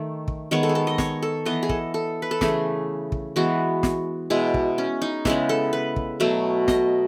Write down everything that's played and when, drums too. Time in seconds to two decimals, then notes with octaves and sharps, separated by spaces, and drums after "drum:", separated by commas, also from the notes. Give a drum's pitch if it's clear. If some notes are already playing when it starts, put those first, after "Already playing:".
Already playing: D#3 A3
0.28 drum: kick
0.51 D#3 G#3 B3 C#5
0.63 A4
0.69 G#4
0.75 A4
0.87 D#5
0.98 C#5, drum: snare
1.22 A4
1.46 E3 B3 D#5
1.63 G#4
1.69 A4, drum: kick
1.94 A4
2.22 B4
2.31 A4
2.41 C#3 E3 A3 G#4, drum: snare
3.12 drum: kick
3.36 E3 G#3 B3 F#4
3.83 drum: snare
4.30 B2 G#3 B3 E4
4.54 drum: kick
4.78 C#4
5.02 D#4
5.25 C#3 G#3 B3 E4, drum: snare
5.49 A4
5.73 B4
5.96 drum: kick
6.20 B2 F#3 A3
6.68 D#5, drum: snare